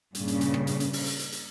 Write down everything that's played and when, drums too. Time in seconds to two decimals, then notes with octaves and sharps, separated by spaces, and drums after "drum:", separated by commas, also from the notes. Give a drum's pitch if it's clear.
0.15 G2 A#2 C#3, drum: hi-hat
0.28 drum: hi-hat
0.41 drum: hi-hat
0.54 drum: rim click
0.67 drum: hi-hat
0.80 drum: hi-hat
0.93 drum: open hi-hat
1.06 drum: hi-hat
1.19 drum: hi-hat
1.32 drum: hi-hat